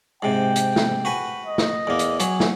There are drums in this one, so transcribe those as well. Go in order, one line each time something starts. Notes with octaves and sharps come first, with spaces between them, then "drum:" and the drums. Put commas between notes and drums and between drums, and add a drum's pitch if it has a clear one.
G#2 C3 G5
drum: hi-hat
drum: snare
F#4 B4 G#5
D#5
drum: snare
E2 A#3
drum: hi-hat
F#3 G#4, drum: hi-hat
drum: snare